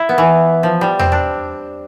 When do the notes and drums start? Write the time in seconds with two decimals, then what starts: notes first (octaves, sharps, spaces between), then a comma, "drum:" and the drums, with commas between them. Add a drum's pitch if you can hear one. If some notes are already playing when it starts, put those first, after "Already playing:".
Already playing: E4
0.09 B3
0.18 E3
0.63 F3
0.81 G3
0.99 C4, drum: tom E2
1.12 D4